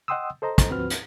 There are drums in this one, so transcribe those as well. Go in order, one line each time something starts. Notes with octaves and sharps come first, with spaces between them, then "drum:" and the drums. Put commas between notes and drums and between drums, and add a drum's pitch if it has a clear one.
D#5 F#5 G5 C6 D#6 E6
A4 C5 D#5 A#5
drum: kick, hi-hat
D2 F3 C4 F#4 B4 F6
drum: hi-hat